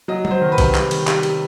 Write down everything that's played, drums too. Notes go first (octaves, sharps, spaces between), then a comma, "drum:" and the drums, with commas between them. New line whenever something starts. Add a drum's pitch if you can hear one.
F#3 D#5
F#3, drum: tom F#3
C5
D#3
B4
C3, drum: kick A#1, cymbal
G3, drum: clap
D#3, drum: cymbal
G3, drum: clap
G3, drum: cymbal